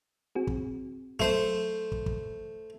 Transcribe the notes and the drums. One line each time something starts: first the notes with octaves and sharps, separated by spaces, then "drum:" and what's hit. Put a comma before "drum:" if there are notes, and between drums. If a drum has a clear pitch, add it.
C4 F#4 G#4
drum: kick
F#3 A3 C5, drum: kick
drum: kick
drum: kick